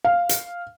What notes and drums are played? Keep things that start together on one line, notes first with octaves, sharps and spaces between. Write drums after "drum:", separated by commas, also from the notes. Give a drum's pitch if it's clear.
F5
drum: hi-hat